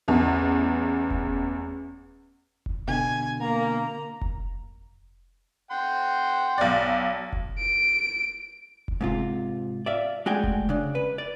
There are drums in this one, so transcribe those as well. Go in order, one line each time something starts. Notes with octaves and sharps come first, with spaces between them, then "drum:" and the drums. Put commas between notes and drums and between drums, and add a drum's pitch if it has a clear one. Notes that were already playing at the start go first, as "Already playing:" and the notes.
A1 E2
drum: kick F1
drum: kick F1
B2 D3 G#5
A#3 A#5
drum: kick F1
F#5 G5 C6
B1 D5
drum: kick F1
D7
drum: kick F1
G#2 C3 F4
D5 E5 F5
G#3 A3 F#4 D5 G5 G#5
drum: kick F1
C#3 D4
B4
D5